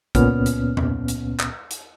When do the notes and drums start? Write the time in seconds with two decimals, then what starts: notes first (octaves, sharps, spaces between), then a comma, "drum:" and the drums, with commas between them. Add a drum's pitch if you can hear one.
0.15 C#2 A#2 B3 C#4 F6, drum: kick, hi-hat
0.46 drum: hi-hat
0.77 drum: tom E2
1.08 drum: hi-hat
1.39 drum: clap
1.71 drum: hi-hat